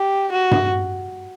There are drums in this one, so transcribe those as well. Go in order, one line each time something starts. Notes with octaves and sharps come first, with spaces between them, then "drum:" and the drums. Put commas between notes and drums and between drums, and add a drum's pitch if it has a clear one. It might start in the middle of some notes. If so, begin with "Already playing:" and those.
Already playing: G4
F#4
drum: tom G2